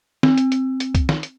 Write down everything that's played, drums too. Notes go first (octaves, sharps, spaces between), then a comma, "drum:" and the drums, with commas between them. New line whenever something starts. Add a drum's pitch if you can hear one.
C4, drum: snare
drum: hi-hat
drum: hi-hat
drum: hi-hat
drum: kick, hi-hat
drum: snare
drum: hi-hat